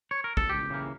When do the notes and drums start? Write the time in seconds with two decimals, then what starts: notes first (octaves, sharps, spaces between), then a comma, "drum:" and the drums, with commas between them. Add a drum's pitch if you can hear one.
0.11 C#5
0.24 A#4
0.37 A4, drum: kick
0.49 C#2 G4
0.70 C#3 E3 A#3